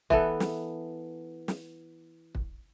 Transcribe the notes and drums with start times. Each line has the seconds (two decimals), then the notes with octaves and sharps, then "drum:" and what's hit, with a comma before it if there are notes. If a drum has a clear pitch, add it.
0.10 E3 B3 A4, drum: kick
0.40 drum: snare
1.48 drum: snare
2.35 drum: kick